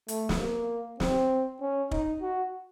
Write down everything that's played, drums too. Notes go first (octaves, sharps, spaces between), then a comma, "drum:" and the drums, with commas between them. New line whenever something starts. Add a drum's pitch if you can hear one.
A3, drum: hi-hat
drum: snare
A#3
C4, drum: snare
C#4
D#4, drum: kick
F#4